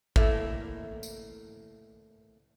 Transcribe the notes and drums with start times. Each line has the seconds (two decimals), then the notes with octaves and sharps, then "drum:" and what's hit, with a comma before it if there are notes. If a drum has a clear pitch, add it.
0.16 A3 A#3 E4 A#4, drum: kick
1.03 drum: tambourine